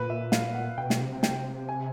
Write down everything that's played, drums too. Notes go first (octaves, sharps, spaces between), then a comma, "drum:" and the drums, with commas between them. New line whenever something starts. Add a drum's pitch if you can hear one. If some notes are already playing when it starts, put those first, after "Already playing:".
Already playing: A#2 B4
E5
F5, drum: snare
F#5
B2 G5
drum: snare
C3
G5, drum: snare
G#5